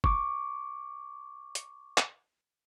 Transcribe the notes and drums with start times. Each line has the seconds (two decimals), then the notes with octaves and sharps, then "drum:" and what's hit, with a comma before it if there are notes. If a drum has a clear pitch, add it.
0.04 C#6 D6, drum: kick
1.55 drum: hi-hat
1.98 drum: clap